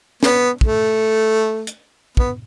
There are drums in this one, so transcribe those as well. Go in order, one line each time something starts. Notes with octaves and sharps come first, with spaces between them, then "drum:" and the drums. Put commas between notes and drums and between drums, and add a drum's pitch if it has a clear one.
B3, drum: snare
A3, drum: kick
drum: hi-hat
B3, drum: kick